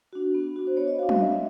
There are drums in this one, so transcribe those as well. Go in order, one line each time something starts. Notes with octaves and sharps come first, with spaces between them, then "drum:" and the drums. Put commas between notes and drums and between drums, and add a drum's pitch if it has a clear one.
D4 F#4
B3
D4 F#4
C5
B3 C#5
D#5
D4 F#4 F5
E5, drum: tom F#3
D#5
A#3 E5
E5